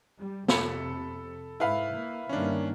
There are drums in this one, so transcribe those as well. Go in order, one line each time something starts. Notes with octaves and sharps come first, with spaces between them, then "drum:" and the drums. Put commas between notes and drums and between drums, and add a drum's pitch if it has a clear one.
G3
F2 C3 A4 B5 C#7, drum: snare
G#2 E4 B4 F5
A#3
G2 D#3 A#3 C#4 D4